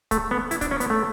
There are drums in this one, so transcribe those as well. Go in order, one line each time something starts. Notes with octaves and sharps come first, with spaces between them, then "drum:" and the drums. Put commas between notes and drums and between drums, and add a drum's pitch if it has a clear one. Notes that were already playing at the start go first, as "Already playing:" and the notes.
A3, drum: kick C#1, hi-hat
B3
E4, drum: hi-hat
D4, drum: kick C#1, hi-hat
C#4
B3, drum: hi-hat
A3